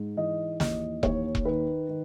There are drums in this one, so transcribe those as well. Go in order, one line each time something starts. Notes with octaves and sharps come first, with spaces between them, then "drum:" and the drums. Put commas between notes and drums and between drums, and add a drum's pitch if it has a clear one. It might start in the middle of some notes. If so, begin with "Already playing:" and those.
Already playing: G#2
E3 D#5
D#2 D#5, drum: snare
D#2 C#5, drum: kick E1
drum: kick E1
D#3 B4
D#3